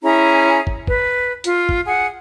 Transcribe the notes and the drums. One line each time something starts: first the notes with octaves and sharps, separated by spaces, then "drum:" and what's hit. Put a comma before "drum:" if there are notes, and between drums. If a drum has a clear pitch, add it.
C#4 E4 G#4 A#5
drum: kick
B4, drum: kick
F4, drum: hi-hat
drum: kick
G#4 F#5